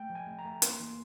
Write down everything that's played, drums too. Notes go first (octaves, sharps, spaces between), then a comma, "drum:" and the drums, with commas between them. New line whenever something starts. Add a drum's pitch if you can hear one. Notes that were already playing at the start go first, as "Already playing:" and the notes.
Already playing: A3 G5
F3
G#5
A3
A#5
A3
A#3 C6, drum: hi-hat
E3